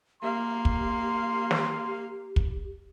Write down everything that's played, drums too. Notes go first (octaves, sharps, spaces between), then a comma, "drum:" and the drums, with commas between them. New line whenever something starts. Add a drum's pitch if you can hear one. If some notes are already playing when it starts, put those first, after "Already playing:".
A#3 G4 F5 C6
drum: kick
drum: snare
drum: kick